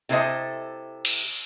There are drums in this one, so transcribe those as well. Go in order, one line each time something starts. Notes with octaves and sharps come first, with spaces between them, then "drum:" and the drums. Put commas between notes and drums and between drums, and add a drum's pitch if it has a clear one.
C3 E4 A4 C5 D#5
drum: cymbal